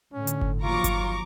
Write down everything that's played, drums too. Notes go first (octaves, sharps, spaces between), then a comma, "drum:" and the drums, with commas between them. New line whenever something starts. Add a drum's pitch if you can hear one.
A2 D3 C#4
drum: hi-hat
drum: kick G1
D#2 F3 F#3 F4 A#5 C#6 D6
drum: kick G1, hi-hat